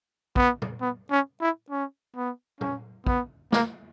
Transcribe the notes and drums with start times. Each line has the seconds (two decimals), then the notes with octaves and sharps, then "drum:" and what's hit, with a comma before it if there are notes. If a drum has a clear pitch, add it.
0.36 B3, drum: kick
0.62 drum: tom A#2
0.81 B3
1.11 C#4
1.41 E4
1.71 C#4
2.16 B3
2.61 C#4, drum: tom A#2
3.07 B3, drum: kick
3.52 A#3, drum: snare